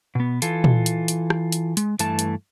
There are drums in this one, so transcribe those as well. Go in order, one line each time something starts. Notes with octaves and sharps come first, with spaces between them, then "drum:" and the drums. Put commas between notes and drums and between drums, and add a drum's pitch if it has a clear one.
B2 B3
E3 F4 A4, drum: hi-hat
drum: tom A#2
drum: hi-hat
drum: hi-hat
drum: rim click
drum: hi-hat
G#3, drum: hi-hat
G2 E3 A3 A5, drum: hi-hat
drum: hi-hat